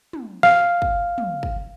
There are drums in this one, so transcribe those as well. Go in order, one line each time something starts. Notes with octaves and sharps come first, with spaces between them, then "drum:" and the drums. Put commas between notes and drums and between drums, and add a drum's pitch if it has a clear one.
drum: tom
F5, drum: snare
drum: kick
drum: tom
drum: kick